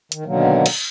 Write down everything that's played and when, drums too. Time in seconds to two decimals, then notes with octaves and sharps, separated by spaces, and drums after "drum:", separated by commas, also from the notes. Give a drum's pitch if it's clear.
0.12 D#3, drum: hi-hat
0.26 B2 D3 D#3 F#3 A#3
0.66 drum: cymbal